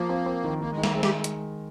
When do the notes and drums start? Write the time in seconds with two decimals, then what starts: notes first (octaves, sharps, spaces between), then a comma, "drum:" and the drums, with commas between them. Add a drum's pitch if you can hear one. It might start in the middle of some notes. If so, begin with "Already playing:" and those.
Already playing: F3 A#3
0.09 C4
0.26 C4
0.44 D#3
0.61 D#3 A#3
0.72 G#3
0.78 D#3
0.83 A#3, drum: snare
0.94 G#3 C4
1.03 G4, drum: snare
1.24 drum: hi-hat